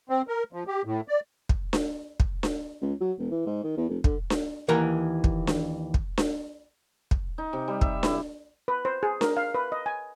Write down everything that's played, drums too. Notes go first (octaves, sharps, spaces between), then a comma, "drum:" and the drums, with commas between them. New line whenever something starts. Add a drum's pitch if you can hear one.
C4
A#4
F3
G4
A2
D5
drum: kick
drum: snare D4
drum: kick
drum: snare D4
C#2
F#3
E1
E3
G#2
D#3
E2
F1
D3, drum: kick
drum: snare D4
D#2 E3 A#4 F#5 A#5
drum: kick
drum: snare D4
drum: kick
drum: snare D4
drum: kick
D#4
C3
G3
E5, drum: kick
E4, drum: snare D4
B4
C5
G#4
A#4, drum: snare D4
F5
B4
D#5
G#5